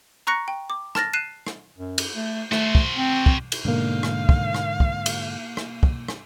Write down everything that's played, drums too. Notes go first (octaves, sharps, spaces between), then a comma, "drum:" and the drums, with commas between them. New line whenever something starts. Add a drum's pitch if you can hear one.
A#5 C#6 F#6 A#6 C#7
G5
D6
A5 F6 A6 A#6, drum: rim click
F#6 C7 D#7 E7
drum: rim click
F#2
drum: cymbal
A3
A3 F#4 C5, drum: rim click
drum: kick
C4
drum: kick
drum: cymbal
G#2 B2 D3 A#3 F5
drum: rim click
drum: kick
drum: rim click
drum: kick
drum: cymbal
drum: rim click
drum: kick
drum: rim click